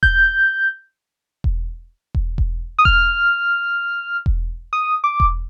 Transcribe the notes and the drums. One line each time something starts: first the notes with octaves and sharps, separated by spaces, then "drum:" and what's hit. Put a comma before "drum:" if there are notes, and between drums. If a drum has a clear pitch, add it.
G6, drum: kick E1
drum: kick E1
drum: kick E1
drum: kick E1
D#6
F6, drum: kick E1
drum: kick E1
D#6
D6
drum: kick E1